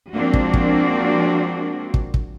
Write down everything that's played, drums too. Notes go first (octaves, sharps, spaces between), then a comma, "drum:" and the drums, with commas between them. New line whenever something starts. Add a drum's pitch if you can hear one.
F3 G#3 A#3 C4 D4 F#4
drum: kick
drum: kick
drum: kick
drum: kick